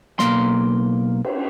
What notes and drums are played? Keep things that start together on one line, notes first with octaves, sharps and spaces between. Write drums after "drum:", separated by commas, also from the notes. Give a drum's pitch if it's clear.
B1 A#3 C6, drum: snare
drum: cymbal